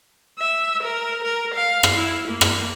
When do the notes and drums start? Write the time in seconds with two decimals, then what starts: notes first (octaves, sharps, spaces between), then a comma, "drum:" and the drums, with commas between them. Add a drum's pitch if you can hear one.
0.39 E5
0.83 A#4
1.23 A#4
1.54 F5
1.83 drum: rim click
1.96 E4
2.27 A#3
2.41 drum: rim click